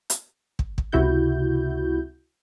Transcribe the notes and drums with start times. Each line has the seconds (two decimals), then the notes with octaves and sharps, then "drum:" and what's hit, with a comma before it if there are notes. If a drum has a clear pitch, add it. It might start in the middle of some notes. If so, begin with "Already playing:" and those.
0.10 drum: hi-hat
0.59 drum: kick
0.78 drum: kick
0.92 C#2 C3 E4 F#4 G6